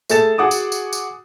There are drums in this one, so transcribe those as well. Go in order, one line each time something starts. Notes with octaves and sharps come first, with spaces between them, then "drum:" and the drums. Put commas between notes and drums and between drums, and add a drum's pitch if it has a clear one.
A3 G#4 A4 A6 E7, drum: tambourine
F#4 G#4 F#5 D6 D#6
drum: tambourine
drum: tambourine
drum: tambourine